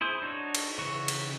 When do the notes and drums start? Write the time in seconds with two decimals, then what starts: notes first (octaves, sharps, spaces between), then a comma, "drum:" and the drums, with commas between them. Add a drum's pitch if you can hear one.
0.01 E4 G#4 C5
0.22 D4 D#4 F#4 C#5
0.55 drum: cymbal
0.78 C#3 E3 F#4 C#6
1.08 drum: cymbal